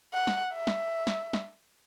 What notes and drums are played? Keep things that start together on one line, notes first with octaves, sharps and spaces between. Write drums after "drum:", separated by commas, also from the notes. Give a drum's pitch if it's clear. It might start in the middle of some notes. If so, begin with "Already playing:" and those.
F#5
drum: snare
E5
drum: snare
drum: snare
drum: snare